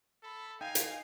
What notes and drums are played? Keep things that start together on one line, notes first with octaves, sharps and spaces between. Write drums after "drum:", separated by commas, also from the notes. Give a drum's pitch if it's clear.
A4 B5
D#4 F5 G5 G#5
drum: hi-hat